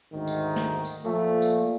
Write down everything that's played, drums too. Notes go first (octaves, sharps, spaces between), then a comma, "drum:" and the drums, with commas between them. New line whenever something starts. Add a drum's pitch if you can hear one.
D2 G#2 D#3
drum: tambourine
drum: snare
drum: tambourine
A#2 F3 A3
drum: tambourine